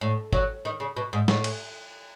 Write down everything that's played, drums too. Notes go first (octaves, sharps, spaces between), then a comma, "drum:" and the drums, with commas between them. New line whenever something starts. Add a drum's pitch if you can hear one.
A2
F#3, drum: kick
D#3
C#3
B2
G#2
A2, drum: snare
drum: cymbal